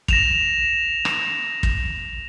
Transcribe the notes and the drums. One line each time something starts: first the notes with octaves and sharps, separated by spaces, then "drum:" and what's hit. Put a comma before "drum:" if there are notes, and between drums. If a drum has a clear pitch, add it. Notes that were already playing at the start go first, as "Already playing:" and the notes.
A#6 E7 F7, drum: kick
drum: rim click
drum: kick